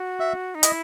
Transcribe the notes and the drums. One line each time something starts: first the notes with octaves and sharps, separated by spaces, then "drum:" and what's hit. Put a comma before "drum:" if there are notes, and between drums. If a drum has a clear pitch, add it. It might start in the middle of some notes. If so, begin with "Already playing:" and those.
Already playing: F#4
E5
D#4
E4 D#5, drum: hi-hat